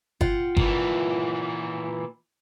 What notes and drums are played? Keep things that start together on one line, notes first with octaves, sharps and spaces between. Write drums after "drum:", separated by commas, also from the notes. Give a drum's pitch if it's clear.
F4 F#5 G5, drum: kick G1
A#2 E3, drum: kick G1